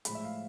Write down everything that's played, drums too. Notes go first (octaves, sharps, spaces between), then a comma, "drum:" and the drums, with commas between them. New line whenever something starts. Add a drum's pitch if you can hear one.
A2 F3 G#3 B5, drum: hi-hat
E5
F5